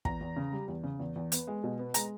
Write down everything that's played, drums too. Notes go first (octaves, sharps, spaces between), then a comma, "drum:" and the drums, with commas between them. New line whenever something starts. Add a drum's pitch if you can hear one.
E2 A#5, drum: kick
E2
C#3
G3
E2
C#3
E2
E2
B3, drum: hi-hat
G#3
B2
B3
G#3 A#5, drum: hi-hat